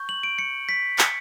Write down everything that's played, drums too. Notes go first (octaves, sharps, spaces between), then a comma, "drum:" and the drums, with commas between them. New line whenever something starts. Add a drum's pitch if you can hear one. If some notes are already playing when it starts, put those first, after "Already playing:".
Already playing: C#6 G6
F#7
D7
C#7
B6
C#7, drum: clap